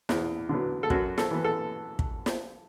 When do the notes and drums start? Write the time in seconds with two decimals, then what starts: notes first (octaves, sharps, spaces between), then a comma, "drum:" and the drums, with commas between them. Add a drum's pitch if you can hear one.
0.09 E2, drum: snare
0.49 D3 F#3 B3
0.83 A4
0.90 F#2 F#4, drum: kick
1.18 A4, drum: snare
1.31 E3 B3
1.44 A4
1.99 drum: kick
2.26 drum: snare